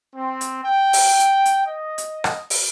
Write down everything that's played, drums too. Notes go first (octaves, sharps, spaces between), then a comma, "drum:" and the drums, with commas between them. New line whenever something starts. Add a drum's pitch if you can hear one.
C4
drum: hi-hat
G5
drum: open hi-hat
drum: hi-hat
drum: hi-hat
D#5
drum: hi-hat
drum: rim click
drum: open hi-hat